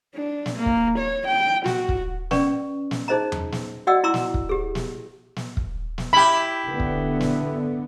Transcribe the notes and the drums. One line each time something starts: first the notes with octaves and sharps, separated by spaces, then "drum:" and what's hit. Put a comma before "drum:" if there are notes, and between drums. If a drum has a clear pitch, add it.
D4
drum: snare
A#3
drum: kick
C#5
G5
F#4, drum: snare
drum: kick
C#4 B4 D5 G5 C#6, drum: snare
drum: snare
D#4 G#4 C5 D#5 A#5
drum: tom E2
drum: snare
F#4 D5 D#5 F#5 G5 E6
E4 A#5 C6 D6 E6
drum: snare
drum: kick
G4 G#4
drum: snare
drum: snare
drum: kick
drum: snare
E4 G4 B5
D3 B3
drum: kick
drum: snare